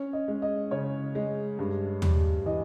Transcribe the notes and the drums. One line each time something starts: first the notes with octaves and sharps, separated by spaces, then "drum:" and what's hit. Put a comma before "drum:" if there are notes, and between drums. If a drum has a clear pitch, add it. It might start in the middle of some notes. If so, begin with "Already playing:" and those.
Already playing: C#4 C#5
D#5
G#3
D#5
C#3 C#5
G#3
G2
G3, drum: tom D#2
E3 D#5